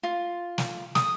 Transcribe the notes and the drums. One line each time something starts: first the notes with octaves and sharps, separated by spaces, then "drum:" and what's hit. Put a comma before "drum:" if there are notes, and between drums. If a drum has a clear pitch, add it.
F4
drum: snare
D#6, drum: snare